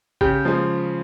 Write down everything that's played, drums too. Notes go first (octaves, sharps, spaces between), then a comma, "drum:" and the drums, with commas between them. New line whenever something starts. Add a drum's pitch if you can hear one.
C#3 G4, drum: kick
F3 G#3